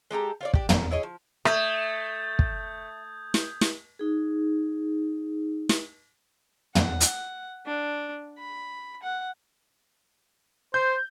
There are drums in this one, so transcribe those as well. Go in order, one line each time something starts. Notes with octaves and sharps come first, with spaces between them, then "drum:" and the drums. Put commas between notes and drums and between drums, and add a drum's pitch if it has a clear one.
G#3 G4 A4 A#5
F4 C#5 D5
D4 G4, drum: kick
C#4 A#4, drum: tom
E4 G#4 C#5 D#5
F3
A3 E5 D#6 G6 G#6, drum: rim click
drum: kick
drum: snare
drum: snare
D#4 G#4
drum: snare
F#5, drum: tom
drum: hi-hat
D4
B5
F#5
C5 G6